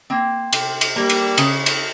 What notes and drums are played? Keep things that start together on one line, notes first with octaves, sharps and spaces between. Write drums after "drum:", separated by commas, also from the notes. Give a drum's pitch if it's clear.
A#3 C4
C3, drum: cymbal
drum: cymbal
G3 A#3
drum: cymbal
C#3, drum: cymbal
drum: cymbal